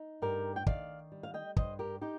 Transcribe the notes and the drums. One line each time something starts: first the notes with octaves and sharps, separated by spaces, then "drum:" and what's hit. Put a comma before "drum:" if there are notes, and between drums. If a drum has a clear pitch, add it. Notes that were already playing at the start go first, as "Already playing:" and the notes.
Already playing: D#4
G2 G4 A#4
G5
D#3 D5 F5, drum: kick
G3
F5
D#5 G5
G2 C5 D#5, drum: kick
G4 A#4
D#4 G4